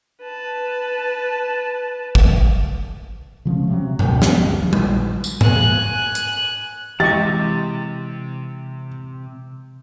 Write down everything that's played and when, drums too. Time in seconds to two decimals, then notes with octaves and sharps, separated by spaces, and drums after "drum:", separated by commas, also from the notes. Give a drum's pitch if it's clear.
0.23 B4 A5
2.15 drum: kick
3.45 C#3 F3 G#3 C#4
3.67 C3 F#3
3.99 C#2 B2, drum: tom G2
4.22 B3 C4, drum: snare
4.39 D#2 F3
4.60 A#1 D#3
4.73 drum: tom G3
5.24 drum: tambourine
5.41 G#5 F#6, drum: tom G#2
6.15 drum: hi-hat
7.00 C3 E3 G#3 G4 D#5 C#6 A6